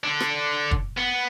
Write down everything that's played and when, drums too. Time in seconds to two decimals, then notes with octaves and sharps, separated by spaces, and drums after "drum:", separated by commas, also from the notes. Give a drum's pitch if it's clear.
0.04 D3 D4
0.21 drum: rim click
0.71 drum: kick
0.98 B3